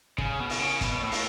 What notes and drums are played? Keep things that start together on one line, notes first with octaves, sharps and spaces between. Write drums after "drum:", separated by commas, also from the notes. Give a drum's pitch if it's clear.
C#3, drum: kick
B2
drum: open hi-hat
C#3
B2, drum: kick, hi-hat
A2
drum: open hi-hat